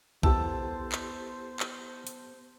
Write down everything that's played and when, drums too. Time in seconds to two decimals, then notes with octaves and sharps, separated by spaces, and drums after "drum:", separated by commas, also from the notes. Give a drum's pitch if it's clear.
0.23 B3 E4 G4 A4 C5 A5 E6, drum: kick B1
0.92 drum: clap
1.60 drum: clap
2.07 drum: hi-hat